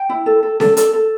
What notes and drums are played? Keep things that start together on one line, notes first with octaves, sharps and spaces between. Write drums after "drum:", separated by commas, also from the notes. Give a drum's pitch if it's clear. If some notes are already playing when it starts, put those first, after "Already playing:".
Already playing: G5
E4
A4
A4
A4, drum: snare C#4
A4, drum: hi-hat
A4